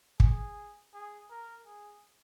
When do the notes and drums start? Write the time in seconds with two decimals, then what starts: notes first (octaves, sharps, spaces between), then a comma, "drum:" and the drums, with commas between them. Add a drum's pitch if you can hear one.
0.20 G#4, drum: kick
0.94 G#4
1.30 A#4
1.67 G#4